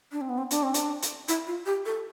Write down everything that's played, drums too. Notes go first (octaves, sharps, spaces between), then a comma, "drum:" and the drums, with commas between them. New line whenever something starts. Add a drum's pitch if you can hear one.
D4
C4
B3
C4
D4, drum: hi-hat
C4
D4, drum: hi-hat
drum: hi-hat
E4, drum: hi-hat
F4
G4
A4